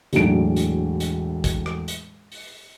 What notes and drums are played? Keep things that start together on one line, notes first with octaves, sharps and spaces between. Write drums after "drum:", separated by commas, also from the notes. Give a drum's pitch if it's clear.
E1 A2 F#3 D4 D7, drum: hi-hat
drum: hi-hat
drum: hi-hat
drum: kick, hi-hat
drum: rim click
drum: hi-hat
drum: open hi-hat